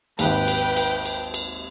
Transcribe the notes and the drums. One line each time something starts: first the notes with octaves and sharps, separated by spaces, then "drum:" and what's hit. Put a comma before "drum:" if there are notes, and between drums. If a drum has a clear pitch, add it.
G#1 D#2 B4 G5, drum: cymbal
drum: cymbal
drum: cymbal
drum: cymbal
drum: cymbal